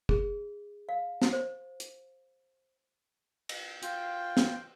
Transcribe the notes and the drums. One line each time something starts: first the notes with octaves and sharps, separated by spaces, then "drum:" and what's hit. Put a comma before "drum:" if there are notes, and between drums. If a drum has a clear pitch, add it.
G#4, drum: kick
F5
drum: snare
C5
drum: hi-hat
drum: cymbal
F4 G5, drum: hi-hat
drum: snare